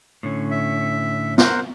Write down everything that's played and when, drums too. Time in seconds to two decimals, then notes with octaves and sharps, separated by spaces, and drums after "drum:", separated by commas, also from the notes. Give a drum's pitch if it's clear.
0.23 A2 D3 C#4
0.51 E5
1.38 A#4 C5 F#5, drum: snare